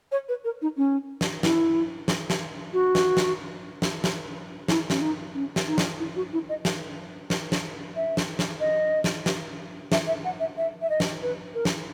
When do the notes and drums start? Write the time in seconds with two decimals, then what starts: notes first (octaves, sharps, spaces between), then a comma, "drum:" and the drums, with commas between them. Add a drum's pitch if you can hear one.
0.12 C#5
0.29 B4
0.44 A#4
0.62 D#4
0.77 C#4
1.21 drum: snare
1.43 E4, drum: snare
2.08 drum: snare
2.30 drum: snare
2.73 F#4
2.95 drum: snare
3.17 drum: snare
3.82 drum: snare
4.04 drum: snare
4.68 E4, drum: snare
4.90 C#4, drum: snare
5.01 D#4
5.34 C#4
5.56 drum: snare
5.67 D#4
5.78 drum: snare
5.99 E4
6.16 F#4
6.33 E4
6.49 D#5
6.65 drum: snare
7.30 drum: snare
7.52 drum: snare
7.96 E5
8.17 drum: snare
8.39 drum: snare
8.60 D#5
9.04 drum: snare
9.26 drum: snare
9.92 E5, drum: snare
10.07 E5
10.24 F#5
10.40 E5
10.57 E5
10.82 E5
10.90 D#5
11.00 drum: snare
11.22 B4
11.54 A#4
11.65 drum: snare